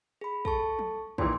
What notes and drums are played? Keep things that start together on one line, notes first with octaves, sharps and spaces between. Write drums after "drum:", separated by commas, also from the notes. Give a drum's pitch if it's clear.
G#4 B5
A4 A5 C#6, drum: kick
drum: tom
A#2 D#3 E3 C6, drum: kick